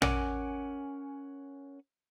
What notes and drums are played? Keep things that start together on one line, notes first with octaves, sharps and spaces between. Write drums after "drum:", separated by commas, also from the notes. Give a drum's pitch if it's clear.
C#4 A#4 F#5 G#5 D6, drum: tom